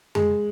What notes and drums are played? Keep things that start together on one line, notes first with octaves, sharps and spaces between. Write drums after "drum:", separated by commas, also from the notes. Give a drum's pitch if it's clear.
G#3, drum: tom F2